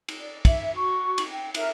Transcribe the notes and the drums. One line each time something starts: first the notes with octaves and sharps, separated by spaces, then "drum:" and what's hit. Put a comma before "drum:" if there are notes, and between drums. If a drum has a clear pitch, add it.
drum: cymbal
D5
E5, drum: kick, cymbal
F#4 C#6
drum: cymbal
G5
A#4 E5, drum: cymbal